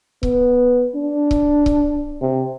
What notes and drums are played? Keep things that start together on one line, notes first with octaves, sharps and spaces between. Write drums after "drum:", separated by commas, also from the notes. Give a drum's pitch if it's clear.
B3, drum: kick C#1
D4
drum: kick C#1
drum: kick C#1
C3